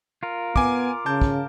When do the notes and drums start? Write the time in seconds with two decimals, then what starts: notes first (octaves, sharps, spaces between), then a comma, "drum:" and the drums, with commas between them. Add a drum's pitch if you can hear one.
0.23 F4 A#4
0.56 B3 G#5 D6, drum: kick
1.06 C#3 A5 G6
1.22 drum: kick